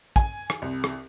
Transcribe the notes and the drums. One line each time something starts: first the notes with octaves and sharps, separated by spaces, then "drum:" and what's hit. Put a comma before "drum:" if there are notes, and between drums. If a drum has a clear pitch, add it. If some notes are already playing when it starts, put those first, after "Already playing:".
G#5, drum: kick, hi-hat
drum: rim click
C2
drum: rim click